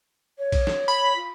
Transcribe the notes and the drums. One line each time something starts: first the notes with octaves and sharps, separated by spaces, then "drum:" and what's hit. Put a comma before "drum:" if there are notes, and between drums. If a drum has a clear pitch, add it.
C#5
drum: kick A#1, cymbal
drum: snare
B5
F4